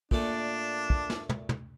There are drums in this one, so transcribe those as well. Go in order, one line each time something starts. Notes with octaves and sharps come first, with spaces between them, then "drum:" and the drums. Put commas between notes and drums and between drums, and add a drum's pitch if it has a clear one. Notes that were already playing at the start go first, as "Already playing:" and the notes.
A#2 A3 D4, drum: kick
drum: kick
drum: snare
drum: tom
drum: tom